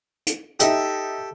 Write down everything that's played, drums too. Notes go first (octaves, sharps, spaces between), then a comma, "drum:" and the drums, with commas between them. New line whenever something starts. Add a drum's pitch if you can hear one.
drum: hi-hat
D#4 G4 A4 D#5 E5, drum: hi-hat